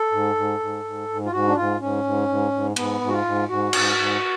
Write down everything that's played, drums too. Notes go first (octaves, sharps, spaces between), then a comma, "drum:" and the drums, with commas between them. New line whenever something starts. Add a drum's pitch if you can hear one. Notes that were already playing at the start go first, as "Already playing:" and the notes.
Already playing: A4
G#2
G#2
G#2
G#2
G#2
F4
G#2 F#4
D4
G#2 F4
G#2 C#4
G#2
G#2
G#2
G#2 B3, drum: cymbal
G#2
F#4
F4
G#2
G#2 F#4
G#2, drum: cymbal
G#2